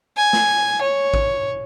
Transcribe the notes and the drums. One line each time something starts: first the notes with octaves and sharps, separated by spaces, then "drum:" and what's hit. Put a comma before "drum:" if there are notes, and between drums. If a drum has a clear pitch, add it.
G#5
drum: snare
C#5
drum: kick A1